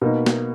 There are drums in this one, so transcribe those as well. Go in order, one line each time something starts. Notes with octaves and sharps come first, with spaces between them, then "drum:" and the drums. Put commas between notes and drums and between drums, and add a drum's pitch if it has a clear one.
B2 A#3 D#4
drum: snare